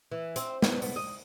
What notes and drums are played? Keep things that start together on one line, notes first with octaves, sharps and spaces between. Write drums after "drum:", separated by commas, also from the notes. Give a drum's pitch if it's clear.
E3
C4, drum: hi-hat
B3, drum: snare
B3, drum: open hi-hat
D#5